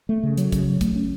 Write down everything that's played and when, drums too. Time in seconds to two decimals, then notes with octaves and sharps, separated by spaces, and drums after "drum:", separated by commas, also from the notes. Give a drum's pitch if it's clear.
0.09 A3
0.23 C#3
0.38 F#3, drum: hi-hat
0.52 C#3, drum: kick, hi-hat
0.67 F#3
0.81 A3, drum: kick, hi-hat
0.96 C#4